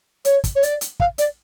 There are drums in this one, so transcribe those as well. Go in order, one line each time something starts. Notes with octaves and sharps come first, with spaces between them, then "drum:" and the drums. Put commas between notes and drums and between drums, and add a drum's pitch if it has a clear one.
C#5, drum: hi-hat
drum: kick, hi-hat
C#5
D5, drum: hi-hat
drum: hi-hat
F5, drum: kick
D5, drum: hi-hat